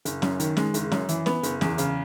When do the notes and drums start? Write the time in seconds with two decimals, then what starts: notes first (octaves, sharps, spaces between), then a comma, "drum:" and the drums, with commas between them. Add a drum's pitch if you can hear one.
0.05 F#1, drum: hi-hat
0.22 F#2, drum: snare
0.40 D#3, drum: hi-hat
0.57 G#3, drum: snare
0.74 F#1, drum: hi-hat
0.92 F#2, drum: snare
1.09 E3, drum: hi-hat
1.26 B3, drum: snare
1.43 F#1, drum: hi-hat
1.61 E2, drum: snare
1.78 C#3, drum: hi-hat